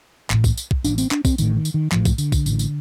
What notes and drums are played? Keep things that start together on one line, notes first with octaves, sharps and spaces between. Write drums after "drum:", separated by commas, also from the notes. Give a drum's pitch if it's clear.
A1 A2, drum: clap
drum: kick, tambourine
drum: tambourine
drum: kick
A1 A2 D4, drum: tambourine
C4, drum: tambourine
D4, drum: clap
C4, drum: kick, tambourine
A1 A2 D#3, drum: tambourine
D#3
drum: tambourine
D#3
A1 A2 F3, drum: clap
drum: kick, tambourine
D3, drum: tambourine
drum: kick, tambourine
A1 A2, drum: tambourine
drum: tambourine